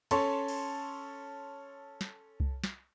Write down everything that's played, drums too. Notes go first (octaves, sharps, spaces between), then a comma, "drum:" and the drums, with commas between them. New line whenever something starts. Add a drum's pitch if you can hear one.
C#4 A4 C#5 A5 C6 C#6, drum: cymbal
drum: cymbal
drum: snare
drum: kick C2
drum: snare